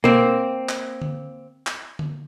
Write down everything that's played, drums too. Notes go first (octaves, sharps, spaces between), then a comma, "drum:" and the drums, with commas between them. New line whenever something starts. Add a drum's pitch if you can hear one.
A#3 C4, drum: tom B2
drum: clap
drum: tom D3
drum: clap
drum: tom D3